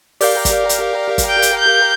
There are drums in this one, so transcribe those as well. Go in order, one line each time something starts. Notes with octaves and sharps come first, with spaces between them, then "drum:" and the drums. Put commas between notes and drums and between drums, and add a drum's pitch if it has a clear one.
G4 A#4 D5 F5 G6, drum: open hi-hat
drum: kick, hi-hat
drum: hi-hat
drum: kick, hi-hat
G5
drum: hi-hat
G6